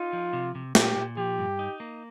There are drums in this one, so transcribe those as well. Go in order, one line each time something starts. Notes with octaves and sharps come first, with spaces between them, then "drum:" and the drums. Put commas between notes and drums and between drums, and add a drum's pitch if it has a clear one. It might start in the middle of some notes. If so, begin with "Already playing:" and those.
Already playing: D#4 F4
F3
C3
C3
A#2 G4, drum: snare
A#2
F3 G4
G2
D#4
A#3